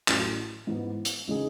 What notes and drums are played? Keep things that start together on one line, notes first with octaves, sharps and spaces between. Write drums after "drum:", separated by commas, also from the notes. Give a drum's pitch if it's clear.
A1 A2 F#3, drum: clap
G#2 E3 B3
drum: hi-hat
C#3 E3 G#3 D#4 G#4